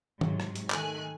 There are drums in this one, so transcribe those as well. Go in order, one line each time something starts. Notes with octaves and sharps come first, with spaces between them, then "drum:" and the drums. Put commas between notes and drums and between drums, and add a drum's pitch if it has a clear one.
G#2 C3 F#3, drum: tom D#3
drum: rim click
drum: hi-hat
D#3 A3 G#5 F#6, drum: clap